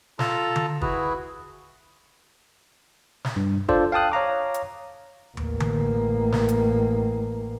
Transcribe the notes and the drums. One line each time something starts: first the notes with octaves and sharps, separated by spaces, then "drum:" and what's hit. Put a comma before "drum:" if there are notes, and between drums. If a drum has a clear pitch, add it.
F4 A4 A5 A#5, drum: snare
drum: tom D3
E4 F#4 G#4 B4, drum: kick
drum: snare
G2
D4 F4 A4 C5 D5, drum: kick
F5 G5 A5 D#6 F#6
C#5 F5 A#5 D6
drum: hi-hat
A1 A#3, drum: tom D#2
drum: tom D3
drum: snare
drum: hi-hat